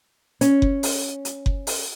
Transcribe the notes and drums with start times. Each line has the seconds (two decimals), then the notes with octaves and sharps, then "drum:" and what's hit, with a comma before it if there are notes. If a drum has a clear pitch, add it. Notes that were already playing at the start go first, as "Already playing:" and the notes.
0.41 C#4, drum: hi-hat
0.62 drum: kick F#1
0.83 drum: open hi-hat
1.25 drum: hi-hat
1.46 drum: kick F#1
1.67 drum: open hi-hat